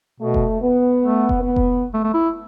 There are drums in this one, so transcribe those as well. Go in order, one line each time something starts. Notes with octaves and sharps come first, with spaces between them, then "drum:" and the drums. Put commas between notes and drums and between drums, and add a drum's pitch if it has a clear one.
B2 A3
drum: kick F1
B3
A3
drum: kick F1
B3
drum: kick F1
A3
A3
E4